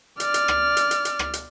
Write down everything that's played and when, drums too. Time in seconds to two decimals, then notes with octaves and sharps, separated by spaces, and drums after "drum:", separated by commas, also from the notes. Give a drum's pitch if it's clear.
0.20 D5 F6, drum: hi-hat
0.34 drum: hi-hat
0.48 drum: rim click
0.77 drum: hi-hat
0.91 drum: hi-hat
1.05 drum: hi-hat
1.19 drum: rim click
1.33 drum: hi-hat